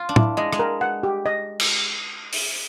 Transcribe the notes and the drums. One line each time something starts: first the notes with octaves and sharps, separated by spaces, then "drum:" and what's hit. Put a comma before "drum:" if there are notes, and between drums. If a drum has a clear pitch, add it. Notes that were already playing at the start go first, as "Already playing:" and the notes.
Already playing: F4
D4
E4, drum: tom
G#3 D#5
G#3, drum: rim click
A#4
F#5
G4
D#5
drum: cymbal
drum: open hi-hat